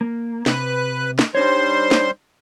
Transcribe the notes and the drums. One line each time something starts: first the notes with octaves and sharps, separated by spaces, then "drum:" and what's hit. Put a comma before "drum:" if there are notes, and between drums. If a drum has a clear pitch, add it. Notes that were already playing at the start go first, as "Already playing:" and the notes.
A#3
C3 B4 F#6, drum: snare
drum: snare
G3 D4 D#4 C5 C#5 C6
drum: snare